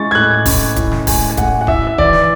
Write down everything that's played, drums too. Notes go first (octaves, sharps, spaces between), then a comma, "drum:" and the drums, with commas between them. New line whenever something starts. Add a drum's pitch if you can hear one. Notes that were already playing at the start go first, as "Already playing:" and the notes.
Already playing: G#3 C#4 E4 C#6 A6
G#6
A2 F#6
C#4, drum: kick D1, open hi-hat
E4, drum: kick D1, hi-hat
drum: snare
G#3 G#5, drum: kick D1, open hi-hat
G#5
A2 F#5, drum: kick D1, hi-hat
F#5
E4 E5, drum: kick D1
E5
E3 D5, drum: kick D1
drum: snare